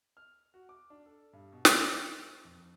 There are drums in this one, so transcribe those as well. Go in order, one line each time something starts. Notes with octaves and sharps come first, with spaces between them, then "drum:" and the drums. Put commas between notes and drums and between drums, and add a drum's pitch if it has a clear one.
F6
F#4
D6
D4
A4
G2
B2
drum: snare
F#5
C#6
C#6
F2